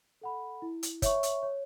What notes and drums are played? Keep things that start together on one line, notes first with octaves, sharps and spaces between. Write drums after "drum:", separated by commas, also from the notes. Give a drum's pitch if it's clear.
A4 F#5 B5
E4
drum: hi-hat
C#5 E5 C#6, drum: kick, hi-hat
drum: hi-hat
C#5